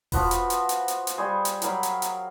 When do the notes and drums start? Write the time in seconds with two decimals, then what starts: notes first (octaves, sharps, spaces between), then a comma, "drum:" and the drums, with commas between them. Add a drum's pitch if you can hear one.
0.12 F3 F#4 B4, drum: kick E1, open hi-hat
0.31 drum: hi-hat
0.50 drum: hi-hat
0.69 drum: hi-hat
0.88 drum: hi-hat
1.07 drum: hi-hat
1.17 G3 G#4 C5 C#6
1.45 drum: hi-hat
1.62 F#3 A#4 F5 B5, drum: hi-hat
1.83 drum: hi-hat
2.02 drum: hi-hat